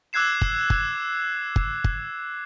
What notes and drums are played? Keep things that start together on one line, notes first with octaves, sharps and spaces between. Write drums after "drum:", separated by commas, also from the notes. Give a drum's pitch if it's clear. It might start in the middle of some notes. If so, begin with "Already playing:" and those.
D6 E6 F#6 G#6 C7 E7
drum: kick G1
drum: kick G1
drum: kick G1
drum: kick G1